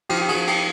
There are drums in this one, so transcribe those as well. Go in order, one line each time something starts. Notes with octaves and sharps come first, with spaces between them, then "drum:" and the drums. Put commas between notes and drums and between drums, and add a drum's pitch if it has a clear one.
F3 F4 G4, drum: cymbal
G4
F#4 G#4, drum: cymbal
F3
G4 A4, drum: cymbal